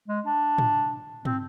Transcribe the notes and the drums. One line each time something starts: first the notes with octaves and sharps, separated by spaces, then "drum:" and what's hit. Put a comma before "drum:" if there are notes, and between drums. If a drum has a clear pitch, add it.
G#3
D4
drum: tom
C4, drum: tom